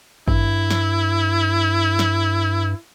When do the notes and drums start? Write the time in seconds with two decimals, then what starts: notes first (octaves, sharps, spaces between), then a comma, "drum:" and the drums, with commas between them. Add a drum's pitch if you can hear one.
0.28 G2 E4, drum: kick G#1
0.70 drum: snare
1.99 drum: snare